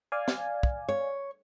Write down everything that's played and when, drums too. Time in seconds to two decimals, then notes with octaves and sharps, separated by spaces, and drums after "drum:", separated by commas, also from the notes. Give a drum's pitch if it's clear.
0.12 D5 F5 G#5
0.28 drum: snare
0.63 drum: kick
0.89 C#5